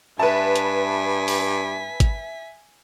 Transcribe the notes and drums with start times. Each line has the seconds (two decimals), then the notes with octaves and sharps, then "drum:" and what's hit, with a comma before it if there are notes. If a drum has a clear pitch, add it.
0.19 G2 B4 E5 G#5 A5 B6
0.56 drum: hi-hat
1.28 drum: open hi-hat
2.00 drum: kick G#1, hi-hat